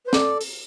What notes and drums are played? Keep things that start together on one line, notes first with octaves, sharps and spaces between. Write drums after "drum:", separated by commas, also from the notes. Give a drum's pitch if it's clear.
B4 C5
A4 D5, drum: snare
drum: open hi-hat